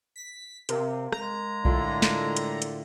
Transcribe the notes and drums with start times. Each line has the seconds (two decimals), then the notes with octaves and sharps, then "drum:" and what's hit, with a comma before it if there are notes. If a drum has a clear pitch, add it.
0.16 B6
0.69 C3 A#4 F5, drum: hi-hat
1.12 G#3 A#5, drum: rim click
1.65 A2 D3 F4, drum: kick B1
2.02 drum: snare
2.36 drum: hi-hat
2.62 drum: hi-hat